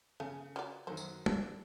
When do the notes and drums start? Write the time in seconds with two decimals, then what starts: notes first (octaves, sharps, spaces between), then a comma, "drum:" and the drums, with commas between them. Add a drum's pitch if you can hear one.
0.20 C#3 A3 G#4
0.56 F#3 F4 D5
0.87 F#2 D#3 F#4 C5
0.97 drum: tambourine
1.26 D4, drum: tom